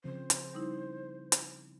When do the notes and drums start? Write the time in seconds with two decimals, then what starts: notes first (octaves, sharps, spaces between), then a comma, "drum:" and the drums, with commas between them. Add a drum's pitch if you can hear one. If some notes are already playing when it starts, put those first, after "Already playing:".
0.04 C#3 F3 C4 C5
0.30 drum: hi-hat
0.53 G3 D#4 E4
1.32 drum: hi-hat